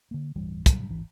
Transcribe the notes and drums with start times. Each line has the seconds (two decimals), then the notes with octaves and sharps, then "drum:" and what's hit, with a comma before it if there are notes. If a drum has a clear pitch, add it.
0.11 D3 A#3
0.36 D1 G2 E3 G3
0.66 G2 A#2 F#3 G3, drum: kick, hi-hat
0.88 D1 G#1 E3